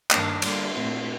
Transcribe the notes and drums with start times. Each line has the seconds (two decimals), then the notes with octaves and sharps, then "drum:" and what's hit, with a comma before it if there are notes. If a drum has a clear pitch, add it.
0.11 G2 D#3 A#3 D4, drum: clap
0.42 D3 G3 A#3 F4, drum: cymbal
0.73 A#2 A3 C4